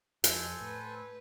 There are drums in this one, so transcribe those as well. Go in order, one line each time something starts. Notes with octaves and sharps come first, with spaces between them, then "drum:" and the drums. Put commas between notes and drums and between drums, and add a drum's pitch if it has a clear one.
F2 A4 C5 G#5, drum: hi-hat
A2 B4